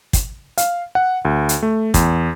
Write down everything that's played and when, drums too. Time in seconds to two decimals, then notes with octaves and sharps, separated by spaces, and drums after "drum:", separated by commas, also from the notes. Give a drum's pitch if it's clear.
0.13 drum: kick, hi-hat
0.58 F5, drum: hi-hat
0.95 F#5
1.25 D2
1.49 drum: hi-hat
1.63 A3
1.94 E2, drum: kick, hi-hat